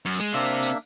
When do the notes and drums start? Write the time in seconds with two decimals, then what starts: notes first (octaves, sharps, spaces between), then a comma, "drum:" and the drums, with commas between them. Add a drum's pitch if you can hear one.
0.05 F#2
0.20 G#3, drum: tambourine
0.34 C3 A#3 C4 D4 E5
0.63 drum: tambourine